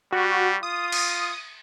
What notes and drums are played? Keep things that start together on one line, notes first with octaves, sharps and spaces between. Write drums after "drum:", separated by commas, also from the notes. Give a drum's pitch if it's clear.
G3 F#4
F4 D#6
drum: cymbal